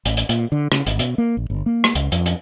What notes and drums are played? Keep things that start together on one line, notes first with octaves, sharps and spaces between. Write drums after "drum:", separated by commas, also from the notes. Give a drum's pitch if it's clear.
A1, drum: hi-hat
drum: hi-hat
A#2, drum: hi-hat
D3
C#3, drum: rim click
G#1, drum: hi-hat
B2, drum: hi-hat
A#3
A#1
G1
A#3
drum: rim click
C#2, drum: hi-hat
F2, drum: hi-hat
drum: hi-hat